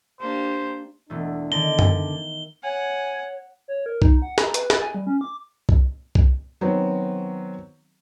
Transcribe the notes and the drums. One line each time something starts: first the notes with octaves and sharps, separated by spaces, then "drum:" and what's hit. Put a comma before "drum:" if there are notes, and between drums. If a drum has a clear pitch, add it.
A#3 D4 G4 C5
E1 A3 D4
D3 D#3 A#6 G7
drum: tom F#2
C#5 F#5 G#5
C#5
A#4
D#4, drum: kick B1
F#5
A#5, drum: snare
B4, drum: hi-hat
A6, drum: snare
G#5
G3
C#4
D6
drum: kick B1
drum: kick B1
D#3 F#3 B3 C4